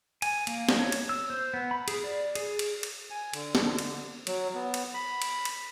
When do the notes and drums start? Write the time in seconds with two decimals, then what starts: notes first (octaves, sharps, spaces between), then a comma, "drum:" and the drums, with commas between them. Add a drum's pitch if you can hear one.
0.22 G#5, drum: cymbal
0.47 A#3, drum: cymbal
0.69 drum: snare
0.79 C#5
0.92 drum: cymbal
1.09 E6
1.30 C5
1.54 B3
1.71 B5
1.88 G#4, drum: cymbal
2.04 D5
2.35 G#4, drum: cymbal
2.59 drum: cymbal
2.83 drum: cymbal
3.10 G#5
3.34 D3, drum: cymbal
3.55 drum: snare
3.79 drum: cymbal
4.27 F#3, drum: cymbal
4.54 B3
4.74 drum: cymbal
4.94 B5
5.22 drum: cymbal
5.45 drum: cymbal